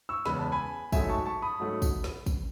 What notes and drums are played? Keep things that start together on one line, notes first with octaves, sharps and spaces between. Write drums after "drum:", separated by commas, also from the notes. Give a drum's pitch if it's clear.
C#6 E6
E2 C#3 G#3 B3 B5, drum: snare
A5
G#5 B5
G#2 F#3 A3 E5 G#5, drum: kick, tambourine
A5 C#6
A5 C#6
B5 D#6
G#2 F#3 A3
drum: kick, tambourine
drum: snare
drum: kick, tambourine